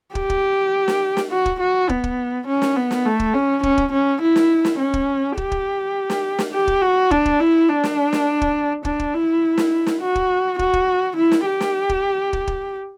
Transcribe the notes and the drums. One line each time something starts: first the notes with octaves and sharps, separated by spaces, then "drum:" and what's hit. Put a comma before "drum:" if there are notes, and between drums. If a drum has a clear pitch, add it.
G4, drum: kick
drum: kick
drum: snare
drum: snare
F#4
drum: kick
F#4
B3, drum: kick
drum: kick
C#4
drum: snare
B3
drum: snare
A3
drum: kick
C#4
C#4, drum: kick
drum: kick
C#4
E4
drum: snare
drum: snare
C#4
drum: kick
G4, drum: kick
drum: kick
drum: snare
drum: snare
G4
drum: kick
F#4
D4, drum: kick
drum: kick
E4
D4
drum: snare
drum: snare
drum: kick
D4, drum: kick
drum: kick
E4
drum: snare
drum: snare
F#4
drum: kick
F#4, drum: kick
drum: kick
E4
drum: snare
G4
drum: snare
drum: kick
drum: kick
drum: kick